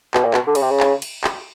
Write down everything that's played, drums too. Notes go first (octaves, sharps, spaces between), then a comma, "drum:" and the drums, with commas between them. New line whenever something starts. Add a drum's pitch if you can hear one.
B2, drum: clap
A#2
B2, drum: clap
D3
C#3, drum: cymbal
C3
C#3
drum: clap
drum: cymbal
drum: clap